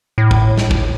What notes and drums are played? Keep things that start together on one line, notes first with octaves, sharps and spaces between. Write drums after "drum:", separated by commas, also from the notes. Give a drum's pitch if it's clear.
A2
drum: kick
drum: snare
drum: kick